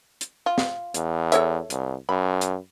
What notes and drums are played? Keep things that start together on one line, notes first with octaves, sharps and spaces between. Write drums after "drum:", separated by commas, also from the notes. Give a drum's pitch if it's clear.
drum: hi-hat
F4
drum: snare
E2, drum: hi-hat
A4 C#5 E5, drum: hi-hat
C2, drum: hi-hat
F#2 B5
drum: hi-hat